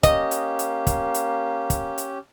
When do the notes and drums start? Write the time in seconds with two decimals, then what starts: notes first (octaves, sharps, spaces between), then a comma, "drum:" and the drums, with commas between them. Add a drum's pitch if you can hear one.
0.03 A#3 C#4 G4 D#5, drum: kick, hi-hat
0.31 drum: hi-hat
0.59 drum: hi-hat
0.87 drum: kick, hi-hat
1.14 drum: hi-hat
1.70 drum: kick, hi-hat
1.98 drum: hi-hat